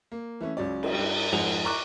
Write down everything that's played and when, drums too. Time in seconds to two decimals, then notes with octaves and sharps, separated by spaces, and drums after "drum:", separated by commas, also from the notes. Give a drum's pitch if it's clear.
0.12 A#3
0.41 E3 A3 C#4
0.57 C#2 F#3 C#4 D5
0.83 drum: cymbal
0.93 G2 G4
1.32 F2 G#2 G#4 F#5 F7
1.65 A#5 C#6 D6 F#6